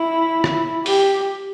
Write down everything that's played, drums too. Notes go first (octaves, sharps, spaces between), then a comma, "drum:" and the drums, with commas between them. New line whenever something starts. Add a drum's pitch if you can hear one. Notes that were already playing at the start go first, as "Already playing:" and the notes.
Already playing: E4
drum: rim click
G4, drum: open hi-hat